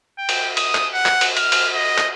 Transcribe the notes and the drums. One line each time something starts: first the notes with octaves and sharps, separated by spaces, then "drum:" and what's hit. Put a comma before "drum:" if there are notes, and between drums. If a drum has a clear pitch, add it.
G5
drum: cymbal
D#6, drum: cymbal
drum: clap
F#5
drum: clap
drum: cymbal
F6, drum: cymbal
drum: cymbal
D#5
drum: clap